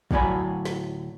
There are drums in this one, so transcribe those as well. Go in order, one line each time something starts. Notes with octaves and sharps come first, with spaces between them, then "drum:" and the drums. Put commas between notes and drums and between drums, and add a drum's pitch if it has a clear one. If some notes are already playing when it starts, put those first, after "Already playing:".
D2 A2 F#3 D5 G#5 B5, drum: kick
drum: snare